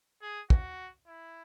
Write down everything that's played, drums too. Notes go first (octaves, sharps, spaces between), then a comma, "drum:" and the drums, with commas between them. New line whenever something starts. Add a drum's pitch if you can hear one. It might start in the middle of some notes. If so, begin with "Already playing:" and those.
G#4
F#4, drum: kick
E4